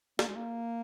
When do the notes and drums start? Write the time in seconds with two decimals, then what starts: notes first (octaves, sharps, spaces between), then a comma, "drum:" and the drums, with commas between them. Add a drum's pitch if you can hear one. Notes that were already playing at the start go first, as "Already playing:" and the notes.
0.19 A#3, drum: snare
0.28 G#3
0.36 A#3